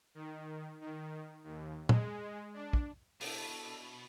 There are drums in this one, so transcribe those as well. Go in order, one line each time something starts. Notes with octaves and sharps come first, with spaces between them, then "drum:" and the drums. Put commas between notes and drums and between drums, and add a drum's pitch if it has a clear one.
D#3
D#3
D#2
G#3, drum: tom A#2
D4
drum: kick
B2 D4 E4 A4, drum: open hi-hat